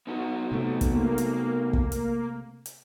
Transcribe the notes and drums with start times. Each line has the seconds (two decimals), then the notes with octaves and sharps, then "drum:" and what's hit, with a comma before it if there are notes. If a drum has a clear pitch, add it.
0.07 B3 D#4 F#4
0.52 C3 A3 C4
0.81 drum: kick, hi-hat
0.94 A#3
1.18 drum: hi-hat
1.73 drum: kick
1.92 drum: hi-hat
2.66 drum: hi-hat